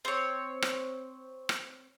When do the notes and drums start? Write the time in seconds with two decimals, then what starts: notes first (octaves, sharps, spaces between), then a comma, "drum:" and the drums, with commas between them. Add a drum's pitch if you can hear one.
0.05 C4 C#5
0.62 drum: rim click
1.49 drum: rim click